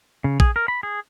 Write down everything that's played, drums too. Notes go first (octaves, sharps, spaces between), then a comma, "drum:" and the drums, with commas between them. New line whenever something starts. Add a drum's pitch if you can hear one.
C#3
G#4, drum: kick A#1
A#4
B5
G#4